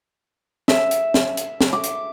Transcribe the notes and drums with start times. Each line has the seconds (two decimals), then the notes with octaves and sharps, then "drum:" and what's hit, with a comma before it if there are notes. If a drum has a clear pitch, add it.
0.68 E5, drum: snare
0.91 drum: hi-hat
1.14 drum: snare
1.37 drum: hi-hat
1.61 drum: snare
1.73 D6
1.84 drum: hi-hat